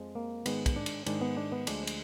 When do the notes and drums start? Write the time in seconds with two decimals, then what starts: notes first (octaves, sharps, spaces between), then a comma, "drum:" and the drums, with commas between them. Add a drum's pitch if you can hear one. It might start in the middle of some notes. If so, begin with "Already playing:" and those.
Already playing: F2 F3 G#3
0.15 A#3
0.46 G#2 D#3 G#3 B3, drum: cymbal
0.66 drum: kick, cymbal
0.76 D4
0.86 drum: cymbal
1.06 G#2 D#3 G#3 D4, drum: cymbal
1.21 B3
1.37 D4
1.52 B3
1.67 D2 D3 F3 G#3 D4, drum: cymbal
1.87 drum: cymbal